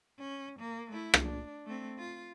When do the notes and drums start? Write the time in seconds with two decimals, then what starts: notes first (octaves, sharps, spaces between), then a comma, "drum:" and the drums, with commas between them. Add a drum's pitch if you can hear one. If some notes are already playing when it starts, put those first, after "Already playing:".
0.19 C#4
0.59 A#3
0.91 A3 E4
1.14 drum: rim click
1.25 D4
1.66 A3 C4
1.98 F4